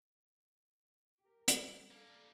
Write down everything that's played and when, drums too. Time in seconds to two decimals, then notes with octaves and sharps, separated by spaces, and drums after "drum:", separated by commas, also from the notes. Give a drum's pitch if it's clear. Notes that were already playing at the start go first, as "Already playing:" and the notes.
1.21 G4 A#4
1.48 drum: hi-hat
1.59 G3 B3
1.91 G3 A#3 D4 A4